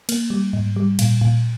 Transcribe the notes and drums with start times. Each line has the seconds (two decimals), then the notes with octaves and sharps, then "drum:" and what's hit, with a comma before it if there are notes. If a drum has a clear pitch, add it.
0.09 A#3, drum: cymbal
0.30 G3
0.53 G#2
0.76 G3
0.99 A#2, drum: cymbal
1.21 A#2